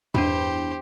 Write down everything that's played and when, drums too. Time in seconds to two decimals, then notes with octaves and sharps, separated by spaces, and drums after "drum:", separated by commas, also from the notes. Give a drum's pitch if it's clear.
0.14 E2 D4 G4 C5 B5, drum: tom